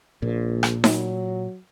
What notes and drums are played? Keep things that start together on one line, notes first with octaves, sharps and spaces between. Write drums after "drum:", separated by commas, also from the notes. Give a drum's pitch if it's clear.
A#1 A#2
drum: rim click
F#3, drum: snare D#4